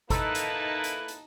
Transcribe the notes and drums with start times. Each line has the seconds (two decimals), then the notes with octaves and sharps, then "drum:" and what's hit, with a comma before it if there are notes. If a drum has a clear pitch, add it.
0.10 A#3 D#4 E4 A4 B4 A5, drum: kick G1, hi-hat
0.35 drum: hi-hat
0.84 drum: hi-hat
1.08 drum: hi-hat